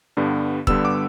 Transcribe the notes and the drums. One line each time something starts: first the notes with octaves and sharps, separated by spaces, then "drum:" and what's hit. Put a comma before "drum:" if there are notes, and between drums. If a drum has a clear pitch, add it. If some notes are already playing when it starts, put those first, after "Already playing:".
G2 D3 G3 B3
G2 D3 G3 B3 E6, drum: kick E1
D6